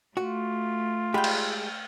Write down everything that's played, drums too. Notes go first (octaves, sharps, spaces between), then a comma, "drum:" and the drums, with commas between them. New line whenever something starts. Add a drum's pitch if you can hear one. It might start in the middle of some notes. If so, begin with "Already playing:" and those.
A3 F4 F#4
G#3 G4 G5 B5
drum: cymbal